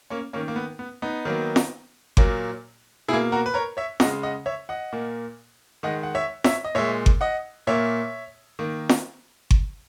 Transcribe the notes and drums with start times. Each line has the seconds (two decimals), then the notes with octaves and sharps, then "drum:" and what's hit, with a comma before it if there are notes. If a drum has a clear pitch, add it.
0.10 A#3 C#4
0.33 D#3 A#3 C#4
0.48 A#3
0.56 B3
0.79 B3
1.02 B3 D#4
1.25 D#3 F#3 A#3
1.56 drum: snare
2.17 A#2 F#3 A#3, drum: kick G1
3.08 B2 A#3 E4 G#4
3.32 F#4 A#4
3.46 B4
3.54 A#4 C#5
3.77 C#5 E5
4.00 C#3 G#3 D#5 F#5, drum: snare
4.23 D#5 F#5
4.46 C#5 E5
4.69 D#5 F#5
4.92 A#2 A#3
5.83 D#3 G#3 D#5 F#5
6.03 F#5
6.15 C#5 E5
6.44 C#5 E5, drum: snare
6.64 D#5
6.75 A#2 G#3 C#5 E5
7.06 drum: kick G1
7.21 D#5 F#5
7.67 A#2 A#3 C#5 E5
8.59 D#3 A#3
8.89 drum: snare
9.51 drum: kick G1